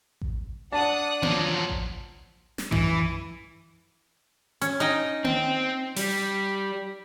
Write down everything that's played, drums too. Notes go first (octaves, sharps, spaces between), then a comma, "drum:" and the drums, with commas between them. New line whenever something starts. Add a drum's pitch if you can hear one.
drum: kick A1
D4 F#5 A5 D#6 F#6
F3 F#3, drum: tom A#3
drum: kick A1
drum: snare
E3, drum: tom F#2
C#4, drum: hi-hat
D#4 D#5 G5
C4, drum: tom A#3
G3, drum: open hi-hat